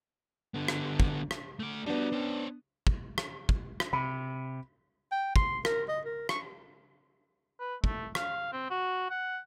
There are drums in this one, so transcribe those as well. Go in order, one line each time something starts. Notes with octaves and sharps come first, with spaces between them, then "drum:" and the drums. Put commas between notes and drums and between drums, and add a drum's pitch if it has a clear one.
D3 B3
drum: rim click
drum: kick
drum: rim click
A3 D5
G3 B3 D4 F#4
C#4 C5
drum: kick
drum: rim click
drum: kick
drum: rim click
C3 B5
G5
C6, drum: kick
A#4, drum: rim click
D#5
A#4
C#6, drum: rim click
B4
A3, drum: kick
F5, drum: rim click
C4
F#4
F#5